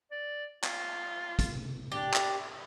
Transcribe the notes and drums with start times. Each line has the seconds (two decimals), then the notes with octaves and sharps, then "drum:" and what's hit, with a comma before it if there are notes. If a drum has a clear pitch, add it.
0.11 D5
0.64 F4, drum: clap
1.39 drum: kick, hi-hat
1.92 D4 G4
2.14 drum: clap